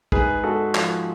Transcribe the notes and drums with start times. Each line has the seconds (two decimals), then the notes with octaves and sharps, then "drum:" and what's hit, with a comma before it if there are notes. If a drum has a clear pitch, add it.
0.12 G#2 G#4 B4, drum: kick
0.43 G#3 F#4 A4
0.75 F3, drum: clap